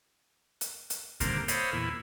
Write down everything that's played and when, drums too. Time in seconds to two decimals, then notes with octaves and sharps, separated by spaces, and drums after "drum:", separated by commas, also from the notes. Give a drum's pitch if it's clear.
0.61 drum: hi-hat
0.90 drum: hi-hat
1.20 D#2 A#2 D3 G3 A#3 C4, drum: kick, hi-hat
1.48 A4 C5 C#5 D#5 F5 B5, drum: hi-hat
1.73 E2 A#2 E4